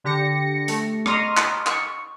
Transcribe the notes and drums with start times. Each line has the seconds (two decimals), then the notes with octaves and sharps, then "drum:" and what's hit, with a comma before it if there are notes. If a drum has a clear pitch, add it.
0.04 D3 G4 A#6 C#7
0.68 A3, drum: open hi-hat
1.06 D#5 A#5 C6 C#6 D#6 F6, drum: rim click
1.37 drum: clap
1.67 C#6, drum: clap